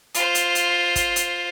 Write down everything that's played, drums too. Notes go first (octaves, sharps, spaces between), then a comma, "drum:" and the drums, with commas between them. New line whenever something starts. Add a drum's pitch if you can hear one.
F4 C5, drum: hi-hat
drum: hi-hat
drum: hi-hat
drum: kick, hi-hat
drum: hi-hat